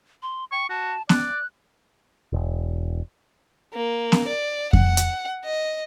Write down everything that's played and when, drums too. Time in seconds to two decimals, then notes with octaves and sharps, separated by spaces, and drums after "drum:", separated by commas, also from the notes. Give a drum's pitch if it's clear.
0.22 C6
0.52 G5 C#6
0.69 F#4 A5
1.09 D5 F#6, drum: snare B3
2.33 E1
3.73 A#3
4.12 drum: snare B3
4.27 D5
4.73 F#5, drum: kick F2
4.97 drum: hi-hat
5.44 D#5